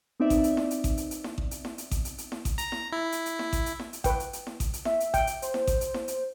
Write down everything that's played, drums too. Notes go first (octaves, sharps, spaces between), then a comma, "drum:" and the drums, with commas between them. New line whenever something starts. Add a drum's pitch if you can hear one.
B3 C4 D#4 D5 E5
drum: kick A1, hi-hat
drum: hi-hat
drum: snare E4
drum: hi-hat
drum: kick A1, hi-hat
drum: hi-hat
drum: hi-hat
drum: snare E4
drum: kick A1
drum: hi-hat
drum: snare E4
drum: hi-hat
drum: kick A1, hi-hat
drum: hi-hat
drum: hi-hat
drum: snare E4
drum: kick A1, hi-hat
A#5, drum: hi-hat
drum: snare E4
E4
drum: hi-hat
drum: hi-hat
drum: snare E4
drum: kick A1, hi-hat
drum: hi-hat
drum: snare E4
drum: hi-hat
B4 G5, drum: kick A1, hi-hat
drum: hi-hat
drum: hi-hat
drum: snare E4
drum: kick A1, hi-hat
drum: hi-hat
E5, drum: snare E4
drum: hi-hat
G5, drum: kick A1, hi-hat
drum: hi-hat
C5, drum: hi-hat
drum: snare E4
drum: kick A1, hi-hat
drum: hi-hat
drum: snare E4
drum: hi-hat